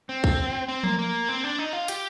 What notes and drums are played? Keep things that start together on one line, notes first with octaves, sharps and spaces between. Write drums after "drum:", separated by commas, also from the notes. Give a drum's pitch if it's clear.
C4
drum: kick
C4
A#3, drum: tom F3
A#3
C4
D4
D#4
F4
G4, drum: hi-hat